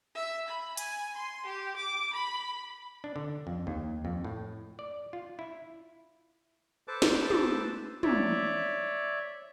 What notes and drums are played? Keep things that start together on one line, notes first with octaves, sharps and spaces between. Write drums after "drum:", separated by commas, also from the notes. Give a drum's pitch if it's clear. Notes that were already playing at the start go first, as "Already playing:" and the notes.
E5
B5
G#5, drum: hi-hat
C6
G4
D6
B5
D4
D3
F2
D#2
F2
A2
D5
F4
E4
A4 B4 C5 A5 D6
drum: snare
drum: tom
C#5 D5 E5, drum: tom